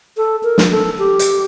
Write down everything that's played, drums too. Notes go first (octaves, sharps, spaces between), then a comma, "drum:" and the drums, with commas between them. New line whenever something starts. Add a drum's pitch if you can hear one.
A4
A#4
drum: snare
A4
G4
drum: hi-hat